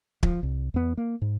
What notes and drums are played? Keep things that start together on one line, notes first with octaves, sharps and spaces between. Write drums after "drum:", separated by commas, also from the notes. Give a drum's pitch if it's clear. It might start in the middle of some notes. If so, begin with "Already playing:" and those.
F3, drum: kick
C2
E2 B3
A#3
G#2